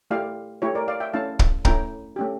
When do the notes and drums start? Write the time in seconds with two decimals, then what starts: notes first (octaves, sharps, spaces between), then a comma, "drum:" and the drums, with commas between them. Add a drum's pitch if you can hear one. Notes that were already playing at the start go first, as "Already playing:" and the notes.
0.11 A3 E4 G4 D5 F5
0.62 A3 E4 G4 C#5 E5
0.75 A#4 D5
0.88 D5 F5
1.00 E5 G5
1.13 A3 C#4 E4 F5 A5
1.39 drum: kick
1.65 A3 C#4 E4 G5 A#5, drum: kick
2.16 A3 C#4 G4